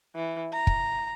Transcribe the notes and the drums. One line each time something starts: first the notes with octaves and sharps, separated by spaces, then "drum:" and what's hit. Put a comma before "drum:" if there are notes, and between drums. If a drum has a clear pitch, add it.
E3
A#5
drum: kick